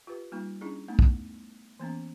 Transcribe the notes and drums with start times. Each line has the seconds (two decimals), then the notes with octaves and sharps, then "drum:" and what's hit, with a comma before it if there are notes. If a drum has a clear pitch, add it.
0.07 F4 G4 B4
0.32 G3 A#3 D#4 F4
0.61 C#4 D4 E4 G#4
0.88 A3 B3 D#4
0.99 drum: kick
1.79 E3 A#3 B3 C#4